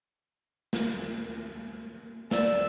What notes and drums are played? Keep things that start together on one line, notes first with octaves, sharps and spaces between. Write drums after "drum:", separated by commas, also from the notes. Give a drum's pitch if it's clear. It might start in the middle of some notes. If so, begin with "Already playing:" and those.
drum: snare
D5 E6, drum: snare